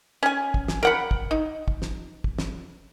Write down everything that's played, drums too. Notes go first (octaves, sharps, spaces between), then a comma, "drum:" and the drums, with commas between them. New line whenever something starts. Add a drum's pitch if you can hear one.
C#4 G#5
drum: kick
drum: snare
A#4 F#5 B5
drum: kick
D#4
drum: kick
drum: snare
drum: kick
drum: snare